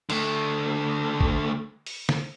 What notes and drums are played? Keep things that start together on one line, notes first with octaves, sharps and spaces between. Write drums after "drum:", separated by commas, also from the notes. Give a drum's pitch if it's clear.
D3 A3, drum: cymbal
drum: kick G#1
drum: open hi-hat
drum: snare